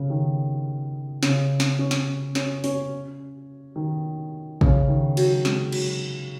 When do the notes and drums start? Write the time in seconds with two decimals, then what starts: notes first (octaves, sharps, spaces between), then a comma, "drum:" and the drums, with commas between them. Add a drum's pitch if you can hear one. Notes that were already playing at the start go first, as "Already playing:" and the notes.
Already playing: C#3
0.10 D#3
1.23 C#3, drum: snare
1.60 drum: snare
1.79 C#4
1.91 drum: snare
2.35 C#4, drum: snare
2.64 C#4, drum: open hi-hat
3.76 D#3
4.61 C#3, drum: kick
4.88 D#3
5.17 F#3, drum: cymbal
5.45 G#3, drum: snare
5.72 F#3, drum: cymbal